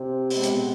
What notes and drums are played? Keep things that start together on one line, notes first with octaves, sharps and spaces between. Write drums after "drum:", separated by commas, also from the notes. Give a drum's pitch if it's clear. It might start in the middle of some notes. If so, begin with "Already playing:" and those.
Already playing: C3
B2 G#3 B3, drum: open hi-hat
drum: hi-hat